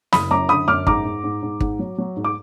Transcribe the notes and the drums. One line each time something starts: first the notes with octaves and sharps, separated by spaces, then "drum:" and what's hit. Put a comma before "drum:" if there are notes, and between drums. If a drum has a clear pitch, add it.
F#1 B5 D#6, drum: snare
F#2 A#5 D6
D3 B5 D#6
F#2 D6 F6
G#2 A#5 D6, drum: kick
G#2
G#2
G#2
G#2, drum: kick
F#3
F#3
G#2
D6